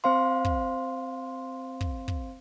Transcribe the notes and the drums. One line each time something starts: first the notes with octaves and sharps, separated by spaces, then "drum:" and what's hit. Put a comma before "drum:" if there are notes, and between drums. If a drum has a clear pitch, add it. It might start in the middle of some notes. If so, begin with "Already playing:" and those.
C4 C5 F5 C6
drum: kick
drum: kick
drum: kick